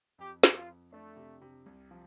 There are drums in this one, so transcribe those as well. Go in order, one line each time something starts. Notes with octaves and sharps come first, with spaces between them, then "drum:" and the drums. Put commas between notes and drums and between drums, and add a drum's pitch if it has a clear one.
F2 G4
F2, drum: snare
F4
F2
A3 D4
C3
C3
C2
F3